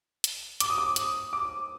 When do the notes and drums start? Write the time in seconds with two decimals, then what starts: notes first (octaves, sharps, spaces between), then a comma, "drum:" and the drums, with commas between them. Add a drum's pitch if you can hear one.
0.24 drum: hi-hat
0.60 D6, drum: hi-hat
0.70 D#6
0.78 D6
0.96 D#6, drum: hi-hat
1.33 D6